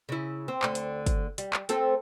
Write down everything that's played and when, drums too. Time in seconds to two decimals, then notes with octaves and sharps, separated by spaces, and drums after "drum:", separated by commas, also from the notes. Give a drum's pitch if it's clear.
0.09 C#3 E4
0.48 C4
0.62 D2 D3, drum: clap
0.75 drum: hi-hat
1.06 drum: kick, hi-hat
1.38 G3, drum: hi-hat
1.53 drum: clap
1.69 A3 C4 A4, drum: hi-hat